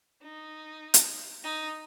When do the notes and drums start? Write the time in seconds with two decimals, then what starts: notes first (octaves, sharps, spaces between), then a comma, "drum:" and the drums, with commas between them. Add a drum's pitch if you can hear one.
0.23 D#4
0.94 drum: hi-hat
1.44 D#4